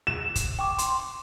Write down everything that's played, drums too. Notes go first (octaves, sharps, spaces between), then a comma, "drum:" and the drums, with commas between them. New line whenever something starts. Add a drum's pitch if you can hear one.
E7
drum: kick, hi-hat
G5 C#6 D6
C6, drum: hi-hat